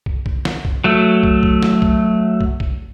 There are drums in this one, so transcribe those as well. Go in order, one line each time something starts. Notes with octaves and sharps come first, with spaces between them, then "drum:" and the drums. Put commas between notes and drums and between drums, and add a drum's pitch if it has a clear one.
drum: kick
drum: kick
drum: snare
drum: kick
F#3 A3
drum: kick
drum: kick
drum: snare
drum: kick
drum: kick
drum: kick